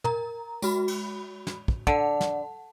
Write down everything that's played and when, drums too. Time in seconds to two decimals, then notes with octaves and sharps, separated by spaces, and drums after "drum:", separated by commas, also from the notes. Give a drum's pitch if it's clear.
0.04 A#4 A#5, drum: tom
0.62 G#3 F#4 B5, drum: tambourine
0.88 drum: cymbal
1.47 drum: snare
1.68 drum: kick
1.87 D3 F#5, drum: kick
2.21 drum: snare